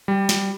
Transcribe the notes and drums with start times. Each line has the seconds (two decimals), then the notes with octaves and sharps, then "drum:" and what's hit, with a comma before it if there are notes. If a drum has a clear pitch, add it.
0.08 G3
0.29 drum: snare